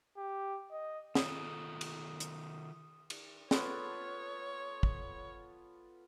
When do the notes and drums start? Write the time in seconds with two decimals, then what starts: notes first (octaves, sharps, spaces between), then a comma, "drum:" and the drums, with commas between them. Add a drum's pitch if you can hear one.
0.17 G4
0.71 D#5
1.15 D#3 F4 A4 D#6, drum: snare
1.81 drum: cymbal
2.20 drum: hi-hat
3.10 drum: cymbal
3.51 B3 F4 A4 C#5, drum: snare
4.83 drum: kick